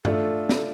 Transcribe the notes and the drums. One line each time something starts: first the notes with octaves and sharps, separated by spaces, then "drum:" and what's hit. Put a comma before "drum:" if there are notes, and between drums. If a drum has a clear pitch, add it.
A3 D4 F4 A4, drum: tom G2
drum: snare